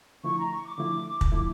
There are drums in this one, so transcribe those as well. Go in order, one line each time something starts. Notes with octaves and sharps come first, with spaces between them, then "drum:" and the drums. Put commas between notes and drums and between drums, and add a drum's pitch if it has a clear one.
D3 F3 A3 E4 C#6
A#5
C#6
D6
D3 F3 A3 E4
drum: kick
D3 F3 A3 E4